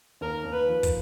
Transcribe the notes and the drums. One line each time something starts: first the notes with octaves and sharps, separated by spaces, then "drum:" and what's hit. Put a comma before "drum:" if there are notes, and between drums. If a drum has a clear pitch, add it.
D#2 A#4
D#2
B4
F3
drum: kick, hi-hat